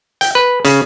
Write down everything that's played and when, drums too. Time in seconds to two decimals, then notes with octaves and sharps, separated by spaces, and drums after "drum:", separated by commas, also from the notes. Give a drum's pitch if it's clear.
0.21 G5, drum: hi-hat
0.35 B4
0.65 C#3, drum: hi-hat